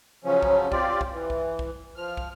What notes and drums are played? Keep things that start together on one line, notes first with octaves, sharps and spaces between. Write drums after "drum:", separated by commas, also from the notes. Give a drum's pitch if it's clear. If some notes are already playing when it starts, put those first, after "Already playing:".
C#3 F3 F#3 C#4
drum: kick
C4 F4 G4 D5, drum: kick
drum: kick
E3
drum: kick
drum: kick
F3 F6
drum: kick